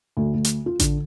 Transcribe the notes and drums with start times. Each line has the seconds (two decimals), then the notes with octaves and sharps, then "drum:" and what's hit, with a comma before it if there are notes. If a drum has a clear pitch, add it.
0.17 D2
0.34 D2
0.44 drum: hi-hat
0.66 F4
0.79 D3, drum: kick A1, hi-hat